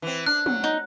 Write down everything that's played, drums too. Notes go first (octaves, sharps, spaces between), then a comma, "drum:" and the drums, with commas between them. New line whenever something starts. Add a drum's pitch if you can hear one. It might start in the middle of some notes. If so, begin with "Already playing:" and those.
E3 C4
D4 F#6
F#3, drum: tom
D#4